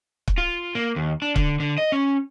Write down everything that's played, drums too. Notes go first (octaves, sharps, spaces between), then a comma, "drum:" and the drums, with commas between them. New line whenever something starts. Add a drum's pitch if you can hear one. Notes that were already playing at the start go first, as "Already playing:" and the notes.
drum: kick
F4
A#3
D#2
D4
D3, drum: kick
D3
D#5
C#4